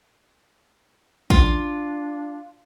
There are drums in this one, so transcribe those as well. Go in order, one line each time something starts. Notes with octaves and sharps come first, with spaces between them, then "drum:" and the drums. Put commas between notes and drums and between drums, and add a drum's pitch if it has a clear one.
D4 F4, drum: kick